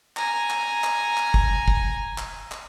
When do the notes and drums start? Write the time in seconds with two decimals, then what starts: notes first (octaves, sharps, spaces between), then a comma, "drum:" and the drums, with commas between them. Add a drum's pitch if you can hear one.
0.17 G#5 A#5, drum: clap
0.50 drum: clap
0.84 drum: clap
1.17 drum: clap
1.34 drum: kick
1.68 drum: kick
2.18 drum: clap
2.51 drum: clap